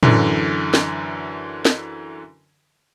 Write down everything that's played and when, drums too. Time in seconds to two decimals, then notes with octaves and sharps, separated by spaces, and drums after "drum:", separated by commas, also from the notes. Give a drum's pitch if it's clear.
0.03 F#2 D3 E3, drum: tom A2
0.74 drum: snare
1.65 drum: snare